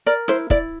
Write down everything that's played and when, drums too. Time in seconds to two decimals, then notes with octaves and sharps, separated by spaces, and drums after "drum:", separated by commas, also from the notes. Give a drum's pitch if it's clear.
0.06 A#4 D5
0.28 E4 C5, drum: snare
0.50 E4 D5, drum: kick